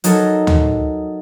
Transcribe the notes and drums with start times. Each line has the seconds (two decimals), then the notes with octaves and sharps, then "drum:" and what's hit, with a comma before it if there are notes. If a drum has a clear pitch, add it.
0.04 F#3 D#4 F#4 A4 A#4, drum: hi-hat
0.47 drum: tom D2